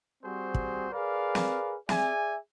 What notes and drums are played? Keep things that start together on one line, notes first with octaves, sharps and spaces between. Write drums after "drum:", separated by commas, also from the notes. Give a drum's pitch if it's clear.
G3 C4 F#4 G#4 C5
drum: kick
G#4 A#4 B4 D5 F5
drum: snare
G#4 D5 E5 G#5, drum: snare